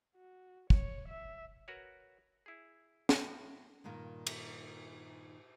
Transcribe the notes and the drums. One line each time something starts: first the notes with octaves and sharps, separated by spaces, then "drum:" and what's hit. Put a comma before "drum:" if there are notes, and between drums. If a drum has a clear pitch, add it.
F#4
C#5, drum: kick
E5
F#4 A#4 B4 C#5
E4 G#4
A2 F3 F#4 C5, drum: snare
G2 A#2 D#3 A#3
drum: cymbal